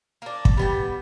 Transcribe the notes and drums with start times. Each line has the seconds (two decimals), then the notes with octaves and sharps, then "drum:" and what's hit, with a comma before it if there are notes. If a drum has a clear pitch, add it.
0.22 A#3 D4
0.45 drum: kick
0.57 G3 B3 G5